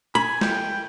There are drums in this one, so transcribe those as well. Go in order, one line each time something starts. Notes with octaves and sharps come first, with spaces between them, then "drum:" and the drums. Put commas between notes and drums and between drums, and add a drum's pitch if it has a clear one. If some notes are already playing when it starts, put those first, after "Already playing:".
G#5 B5
G5, drum: snare